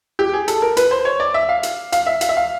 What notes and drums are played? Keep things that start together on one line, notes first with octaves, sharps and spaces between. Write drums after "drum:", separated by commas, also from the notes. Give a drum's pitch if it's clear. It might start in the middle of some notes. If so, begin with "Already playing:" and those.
G4
G#4
A4, drum: hi-hat
A#4
B4, drum: hi-hat
C5
C#5
D5
E5
F5
drum: hi-hat
F5, drum: hi-hat
E5
F5, drum: hi-hat
E5
F5